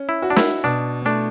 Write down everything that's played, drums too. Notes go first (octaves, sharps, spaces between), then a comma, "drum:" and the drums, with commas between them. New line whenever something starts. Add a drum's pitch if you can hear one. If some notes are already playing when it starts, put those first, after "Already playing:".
Already playing: C#4
E4
F#4
D4
E4, drum: snare
B2 D4
A3 D4